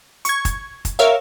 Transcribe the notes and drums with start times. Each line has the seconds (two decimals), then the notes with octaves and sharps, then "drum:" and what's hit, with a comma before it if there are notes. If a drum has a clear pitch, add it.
0.25 C#6 G#6, drum: hi-hat
0.45 drum: kick, hi-hat
0.85 drum: kick, hi-hat
0.99 A#4 C#5 E5 F5